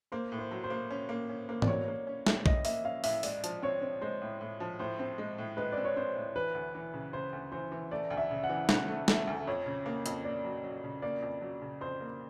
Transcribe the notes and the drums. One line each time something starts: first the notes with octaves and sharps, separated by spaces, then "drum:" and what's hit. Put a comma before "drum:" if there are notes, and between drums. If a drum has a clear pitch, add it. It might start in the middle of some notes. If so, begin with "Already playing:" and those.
A#3 C5
A2
C5
F#3
C5
A#3
C#4
A#3
C#4
A#3
D5, drum: tom G#2
F#3 C#5
A#3
C#4
A2, drum: snare
A2 D#5, drum: kick B1
A#3 E5, drum: open hi-hat
C#4 F5
A2 E5, drum: open hi-hat
G#3 D5, drum: open hi-hat
F3, drum: hi-hat
C4 C#5
C4
G#3 C5
A2
A2
F3
A2 C5
C4
G#3
A2
G#3 B4
C4 D5
C#5
C4 C5
A2
E3 B4
D2
E3
C#3
C#3 C5
D2
E3 C5
E3
A3 D5
D2
E5
C#3
F#5
E3
C#3 F#5, drum: snare
A3
A3, drum: snare
D2
F2 C#5
C#3
A#3
F2, drum: hi-hat
A#3 D5
F#3
F#3
C#3
A#3 D5
F2
F#3
C#3
F2 C5
A#3